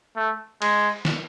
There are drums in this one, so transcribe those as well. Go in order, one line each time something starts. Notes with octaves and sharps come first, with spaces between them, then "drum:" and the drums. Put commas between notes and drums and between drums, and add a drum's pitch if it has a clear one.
A3
G#3, drum: cymbal
drum: snare